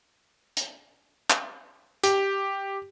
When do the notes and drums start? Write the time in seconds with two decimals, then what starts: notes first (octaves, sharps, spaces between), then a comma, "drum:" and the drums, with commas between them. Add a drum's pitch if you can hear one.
0.57 drum: hi-hat
1.30 drum: clap
2.04 G4, drum: hi-hat